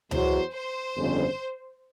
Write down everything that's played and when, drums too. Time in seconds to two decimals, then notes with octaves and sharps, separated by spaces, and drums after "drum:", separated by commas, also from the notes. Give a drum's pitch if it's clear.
0.11 E2 B2 F#3 C5, drum: tom C#2
0.53 C5
0.96 G1 F2 C#3